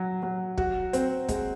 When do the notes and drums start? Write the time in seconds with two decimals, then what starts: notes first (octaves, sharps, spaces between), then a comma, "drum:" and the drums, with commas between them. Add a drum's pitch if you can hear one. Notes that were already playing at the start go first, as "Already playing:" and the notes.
Already playing: F#3
0.23 F#3
0.58 F#4, drum: kick
0.93 C4, drum: hi-hat
1.28 G#3, drum: kick, hi-hat